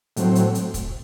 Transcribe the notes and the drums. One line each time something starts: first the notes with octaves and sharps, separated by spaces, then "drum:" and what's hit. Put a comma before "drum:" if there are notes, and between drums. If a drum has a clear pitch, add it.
A2 F#3 C4, drum: hi-hat
drum: hi-hat
drum: hi-hat
drum: kick, hi-hat